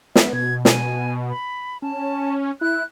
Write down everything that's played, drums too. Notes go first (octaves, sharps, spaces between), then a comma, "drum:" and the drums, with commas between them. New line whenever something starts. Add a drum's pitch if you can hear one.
B3 E5, drum: snare
B2 G#6
G#5, drum: snare
B5
C#4 A5
E4 F#6